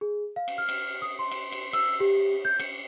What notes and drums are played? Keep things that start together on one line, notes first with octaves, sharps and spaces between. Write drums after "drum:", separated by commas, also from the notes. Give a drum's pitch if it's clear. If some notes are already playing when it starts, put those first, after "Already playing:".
G#4
F5
drum: cymbal
F6
drum: cymbal
D#6
C6
drum: cymbal
drum: cymbal
E6, drum: cymbal
G4
G6
C#7, drum: cymbal